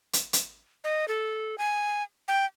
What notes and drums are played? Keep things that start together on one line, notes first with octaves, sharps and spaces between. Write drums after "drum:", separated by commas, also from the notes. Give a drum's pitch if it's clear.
drum: hi-hat
drum: hi-hat
D#5
A4
G#5
G5